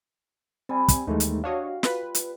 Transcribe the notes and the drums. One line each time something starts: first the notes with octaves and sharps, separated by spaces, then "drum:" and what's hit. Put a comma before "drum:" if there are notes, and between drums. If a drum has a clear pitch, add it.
G3 C4 G#5
drum: kick, hi-hat
D#2 E3 G#3 A3 D#4
drum: hi-hat
D4 F#4 C#5 D#5 F5
F4 B4, drum: snare
drum: hi-hat